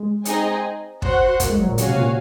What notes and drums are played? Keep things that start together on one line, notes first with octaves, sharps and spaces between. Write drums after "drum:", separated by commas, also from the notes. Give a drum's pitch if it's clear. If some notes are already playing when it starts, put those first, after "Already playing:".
Already playing: G#3
C4 D#4 G#4 D#5 G#5, drum: hi-hat
F#4 C5 F#5, drum: kick
A#3, drum: kick, hi-hat
G#3
F#3
A#2
C#3 F#4 C#5 F5 G#5, drum: hi-hat
C3
A#2